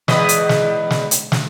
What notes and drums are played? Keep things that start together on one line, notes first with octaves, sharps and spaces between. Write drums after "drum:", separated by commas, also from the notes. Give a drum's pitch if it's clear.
E2 B4 D#5, drum: snare
drum: hi-hat
drum: snare
drum: snare
drum: hi-hat
drum: snare